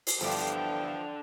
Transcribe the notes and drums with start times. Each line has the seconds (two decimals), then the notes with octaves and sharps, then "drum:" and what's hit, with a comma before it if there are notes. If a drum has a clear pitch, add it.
0.07 drum: open hi-hat
0.21 G1 D3 E3 F3 D4 G4 A4 G5